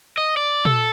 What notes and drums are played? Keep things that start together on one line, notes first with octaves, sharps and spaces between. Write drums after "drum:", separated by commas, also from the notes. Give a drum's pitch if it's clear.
D#5
D5
A4, drum: tom A#2